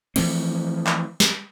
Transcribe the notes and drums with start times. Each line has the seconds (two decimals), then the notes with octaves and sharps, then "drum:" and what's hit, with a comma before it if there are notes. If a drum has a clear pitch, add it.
0.16 E3 F3 A3 C4, drum: cymbal
0.87 drum: clap
1.20 drum: snare